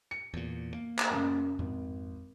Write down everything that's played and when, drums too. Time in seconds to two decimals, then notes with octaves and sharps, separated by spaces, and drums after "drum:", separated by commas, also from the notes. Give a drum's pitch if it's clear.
0.11 C#7
0.34 E2 A#2
0.74 A#3
0.99 drum: clap
1.10 F#2 C#3
1.59 G#1 F2